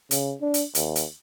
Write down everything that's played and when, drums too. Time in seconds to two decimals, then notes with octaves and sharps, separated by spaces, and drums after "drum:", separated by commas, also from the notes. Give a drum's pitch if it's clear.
0.11 C#3, drum: hi-hat
0.41 D4
0.54 drum: hi-hat
0.75 D#2, drum: hi-hat
0.96 drum: hi-hat